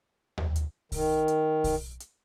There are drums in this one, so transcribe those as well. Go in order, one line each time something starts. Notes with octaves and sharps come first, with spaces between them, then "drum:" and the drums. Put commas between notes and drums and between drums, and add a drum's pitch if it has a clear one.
drum: tom D#2
drum: hi-hat
D#3, drum: kick B1, open hi-hat
drum: hi-hat
drum: kick B1, open hi-hat
drum: hi-hat